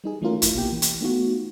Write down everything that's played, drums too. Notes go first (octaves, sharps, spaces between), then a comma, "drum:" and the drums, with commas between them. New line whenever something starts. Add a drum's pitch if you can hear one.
G3 D#4 G#4
E3 A3 C#4 F4 A#4
G1 F2 E4, drum: hi-hat
B1 B2 A#3 G4 G5
E3
drum: hi-hat
A3 B3 D#4 F4 F#4